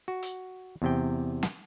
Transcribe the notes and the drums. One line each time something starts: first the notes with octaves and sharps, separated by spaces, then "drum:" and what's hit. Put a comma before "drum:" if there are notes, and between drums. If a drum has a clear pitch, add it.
F#4
drum: hi-hat
E2 C3 G5
drum: snare